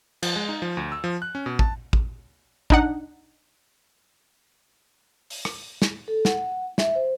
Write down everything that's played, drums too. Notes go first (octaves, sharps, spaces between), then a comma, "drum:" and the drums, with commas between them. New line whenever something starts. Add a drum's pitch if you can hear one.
F3, drum: cymbal
G#3
D#4
F3
D2
E6
F3
F#6
C#4
B2
A5, drum: kick A1
drum: kick A1
D4 D#4 F#5, drum: kick A1
drum: open hi-hat
drum: rim click
drum: snare
A4
F#5, drum: snare
E5, drum: snare
C5